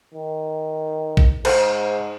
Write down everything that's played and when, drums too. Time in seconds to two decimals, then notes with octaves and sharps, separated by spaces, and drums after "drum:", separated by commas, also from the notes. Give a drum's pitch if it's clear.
0.14 D#3
1.17 drum: kick A1
1.45 G#2 C5, drum: cymbal